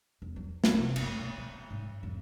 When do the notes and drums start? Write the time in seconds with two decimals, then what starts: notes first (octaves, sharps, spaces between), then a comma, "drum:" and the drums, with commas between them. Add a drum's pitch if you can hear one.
0.22 E2
0.36 F#3
0.64 drum: snare
0.77 C3
0.96 G1, drum: cymbal
1.19 B2
1.37 C#4
1.71 G#2
2.03 F2